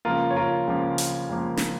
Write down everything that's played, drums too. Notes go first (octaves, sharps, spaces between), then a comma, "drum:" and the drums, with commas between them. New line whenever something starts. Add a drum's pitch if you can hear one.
C#2 C#3 F3 A#3 F4 A#4
C#5
F4 A#4
C#2 C#3 F3 A#3
drum: hi-hat
C#2 C#3 F3 A#3
drum: snare